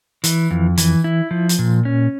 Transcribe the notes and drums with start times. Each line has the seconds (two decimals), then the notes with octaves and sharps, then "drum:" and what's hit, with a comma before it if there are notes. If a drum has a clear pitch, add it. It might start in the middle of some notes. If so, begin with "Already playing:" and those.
0.24 E3, drum: hi-hat
0.51 F2
0.77 E3, drum: hi-hat
1.04 E4
1.31 F3
1.49 drum: hi-hat
1.59 A#2
1.85 C#4